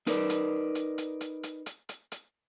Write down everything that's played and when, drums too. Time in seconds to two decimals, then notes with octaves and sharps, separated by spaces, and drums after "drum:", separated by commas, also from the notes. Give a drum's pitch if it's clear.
0.07 D#4 A#4 B4 D5, drum: hi-hat
0.30 drum: hi-hat
0.75 drum: hi-hat
0.98 drum: hi-hat
1.21 drum: hi-hat
1.44 drum: hi-hat
1.66 drum: hi-hat
1.89 drum: hi-hat
2.12 drum: hi-hat